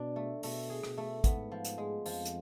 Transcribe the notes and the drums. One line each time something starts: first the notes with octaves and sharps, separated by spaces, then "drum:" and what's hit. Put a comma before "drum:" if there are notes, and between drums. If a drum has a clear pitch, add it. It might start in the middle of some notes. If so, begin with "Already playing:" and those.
Already playing: B2 D4
A3
B2 A3, drum: open hi-hat
G#4
B2, drum: rim click
A3
G#2 B3, drum: kick, hi-hat
F3
drum: hi-hat
G#3
F2 F3, drum: open hi-hat
drum: hi-hat